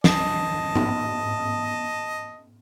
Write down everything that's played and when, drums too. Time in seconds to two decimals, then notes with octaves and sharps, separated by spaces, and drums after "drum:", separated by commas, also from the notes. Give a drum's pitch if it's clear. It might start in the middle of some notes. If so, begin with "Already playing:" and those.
0.04 D#5 A5, drum: snare
0.75 drum: tom